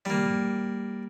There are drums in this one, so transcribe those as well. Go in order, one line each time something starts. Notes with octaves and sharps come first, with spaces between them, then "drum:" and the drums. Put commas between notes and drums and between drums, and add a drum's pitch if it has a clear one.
G3 A#3, drum: tom